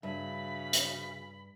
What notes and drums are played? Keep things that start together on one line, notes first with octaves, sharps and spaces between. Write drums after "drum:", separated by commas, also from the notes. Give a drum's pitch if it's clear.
G2 C#3 F#4 C#5 E5 B5
drum: hi-hat